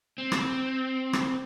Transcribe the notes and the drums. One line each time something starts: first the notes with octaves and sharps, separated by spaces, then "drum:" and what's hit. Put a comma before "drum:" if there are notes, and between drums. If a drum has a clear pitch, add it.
C4
drum: rim click
drum: rim click